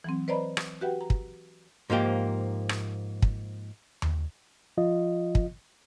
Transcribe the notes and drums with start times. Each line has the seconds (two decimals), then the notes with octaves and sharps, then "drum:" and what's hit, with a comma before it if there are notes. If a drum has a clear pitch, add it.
0.04 E3 F#3 C4
0.28 B4 C5 D5 D#5 A#5 B5
0.57 drum: rim click
0.81 F#4 G4 B4 E5 F#5 G5
1.01 A#5
1.10 drum: kick
1.90 G#2 F3 A#3 G4
2.69 drum: rim click
3.22 drum: kick
4.02 drum: tom D#2
4.77 F3 F4 D#5
5.35 drum: kick